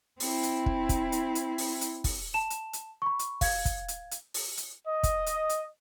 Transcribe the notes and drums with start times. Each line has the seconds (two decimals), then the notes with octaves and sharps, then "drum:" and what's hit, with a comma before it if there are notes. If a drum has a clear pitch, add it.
0.20 C4 E4, drum: open hi-hat
0.43 drum: hi-hat
0.66 drum: kick
0.89 drum: kick, hi-hat
1.12 drum: hi-hat
1.35 drum: hi-hat
1.58 drum: open hi-hat
1.81 drum: hi-hat
2.04 drum: kick, open hi-hat
2.34 A5 E7
2.50 drum: hi-hat
2.73 drum: hi-hat
3.02 B5 C#6
3.19 drum: hi-hat
3.41 F5 G#6, drum: kick, open hi-hat
3.65 drum: kick, hi-hat
3.88 drum: hi-hat
4.11 drum: hi-hat
4.34 drum: open hi-hat
4.57 drum: hi-hat
4.86 D#5
5.03 drum: kick, hi-hat
5.26 drum: hi-hat
5.49 drum: hi-hat